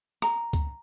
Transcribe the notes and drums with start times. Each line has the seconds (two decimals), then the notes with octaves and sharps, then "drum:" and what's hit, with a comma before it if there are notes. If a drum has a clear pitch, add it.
0.22 A#5, drum: rim click
0.53 drum: kick, hi-hat